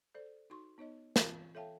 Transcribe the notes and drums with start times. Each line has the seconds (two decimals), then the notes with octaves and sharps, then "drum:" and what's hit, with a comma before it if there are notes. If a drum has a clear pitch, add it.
0.15 A4 C5 D5
0.50 D#4 F#4 C6 C#6
0.78 B3 D#4 C#5 D#5
1.16 E3 C4 F4 A5, drum: snare
1.55 A4 C#5 E5 F5 G5 A5